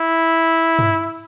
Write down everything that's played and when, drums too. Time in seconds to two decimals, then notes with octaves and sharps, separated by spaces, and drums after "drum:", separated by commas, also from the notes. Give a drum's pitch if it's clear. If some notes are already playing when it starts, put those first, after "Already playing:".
Already playing: E4
0.79 drum: tom G2